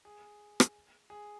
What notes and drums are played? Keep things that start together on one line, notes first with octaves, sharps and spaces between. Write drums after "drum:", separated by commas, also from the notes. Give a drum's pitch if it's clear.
G#4
drum: rim click
G#4